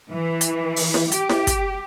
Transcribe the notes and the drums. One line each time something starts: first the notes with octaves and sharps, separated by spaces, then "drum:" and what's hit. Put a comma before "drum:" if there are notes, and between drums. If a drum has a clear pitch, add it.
E3
drum: hi-hat
drum: open hi-hat
drum: snare E4
G4, drum: hi-hat
drum: snare E4
drum: kick, hi-hat